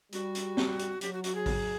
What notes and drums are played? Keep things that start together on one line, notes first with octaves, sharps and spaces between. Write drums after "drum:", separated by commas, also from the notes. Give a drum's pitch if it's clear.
G3 F#4, drum: hi-hat
drum: hi-hat
drum: snare C4
drum: hi-hat
F#3 G4, drum: hi-hat
F#4
F#4, drum: hi-hat
G#4
drum: kick A1, open hi-hat